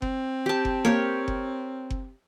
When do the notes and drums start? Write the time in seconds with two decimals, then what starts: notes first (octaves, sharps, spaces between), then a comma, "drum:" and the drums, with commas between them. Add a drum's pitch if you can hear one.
0.02 C4, drum: kick F#1
0.46 G4 A5
0.65 drum: kick F#1
0.85 A#3 G4 A#4 C#5
1.28 drum: kick F#1
1.91 drum: kick F#1